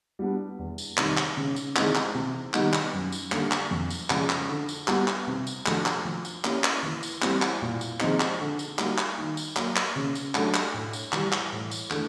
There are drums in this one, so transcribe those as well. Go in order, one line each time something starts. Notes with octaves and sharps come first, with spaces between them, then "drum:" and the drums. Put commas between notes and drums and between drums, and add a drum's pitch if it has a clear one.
G3 B3 D4
E2
drum: tambourine
C3 D#3 G3, drum: clap
drum: clap
C#3
drum: tambourine
E3 G#3 C4 D#4, drum: clap
drum: clap
C3
D#3 G3 B3 D#4, drum: clap
drum: clap
F#2
drum: tambourine
D3 G3 A#3, drum: clap
drum: clap
F2
drum: tambourine
C#3 F3 G#3, drum: clap
drum: clap
D3
drum: tambourine
G3 B3, drum: clap
drum: clap
C3
drum: tambourine
F3 A3 D4 F#4, drum: clap
drum: clap
F3
drum: tambourine
A#3 C#4 E4 G4, drum: clap
drum: clap
E3
drum: tambourine
G3 C4 E4, drum: clap
drum: clap
A#2
drum: tambourine
F3 G#3 C4 D#4, drum: clap
drum: clap
D3
drum: tambourine
G3 A#3 D#4 F#4, drum: clap
drum: clap
D#3
drum: tambourine
F#3 A#3, drum: clap
drum: clap
C#3
drum: tambourine
F#3 A3 D4, drum: clap
drum: clap
A2
drum: tambourine
E3 G3, drum: clap
drum: clap
A2
drum: tambourine
E3 A3 D4, drum: clap